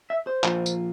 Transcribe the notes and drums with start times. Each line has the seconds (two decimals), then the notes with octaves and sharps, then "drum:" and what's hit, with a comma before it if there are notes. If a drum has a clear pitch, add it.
0.10 E5
0.27 C5
0.44 A#2 F3 A#3 F4, drum: clap
0.66 drum: tambourine